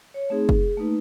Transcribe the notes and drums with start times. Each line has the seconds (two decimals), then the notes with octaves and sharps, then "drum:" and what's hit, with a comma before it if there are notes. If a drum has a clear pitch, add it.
0.14 C#5
0.30 A3 C4 D#4 G#4
0.49 G#4, drum: kick
0.77 A3 A#3 D#4 B4